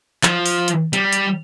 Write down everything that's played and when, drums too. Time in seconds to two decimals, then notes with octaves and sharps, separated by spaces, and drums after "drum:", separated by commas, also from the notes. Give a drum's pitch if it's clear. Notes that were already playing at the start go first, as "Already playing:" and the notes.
0.23 F3, drum: clap
0.46 drum: open hi-hat
0.68 drum: hi-hat
0.93 G3, drum: hi-hat
1.13 drum: hi-hat